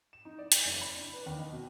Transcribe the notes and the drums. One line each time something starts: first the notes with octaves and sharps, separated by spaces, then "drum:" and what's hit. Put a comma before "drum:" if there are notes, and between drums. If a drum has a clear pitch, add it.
E7
D#4
D5
D#7, drum: hi-hat
F#1
B5
D4
B4
D#2
D#5
B2